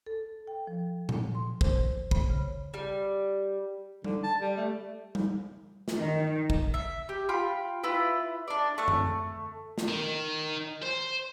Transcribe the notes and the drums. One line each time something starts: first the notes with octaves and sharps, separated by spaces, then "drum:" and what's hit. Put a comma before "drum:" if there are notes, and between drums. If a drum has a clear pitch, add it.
A4
G5
F3
drum: tom A#2
C6
C5, drum: kick
B5, drum: kick
C#3
G3
D3, drum: tom G3
A5
G3
A3
drum: tom G3
drum: snare
D#3
drum: kick
E5
G4
F4 G5 B5
E4 F4 B4
D4 D5
A3 C#6 F#6
drum: tom F#2
drum: snare
D#3
C5